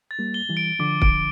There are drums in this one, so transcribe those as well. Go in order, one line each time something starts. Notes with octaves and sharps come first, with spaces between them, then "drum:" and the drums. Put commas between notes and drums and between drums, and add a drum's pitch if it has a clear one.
A6
G3 A#3
G7
E3 G3
D7
D3 F3 D6
D7, drum: kick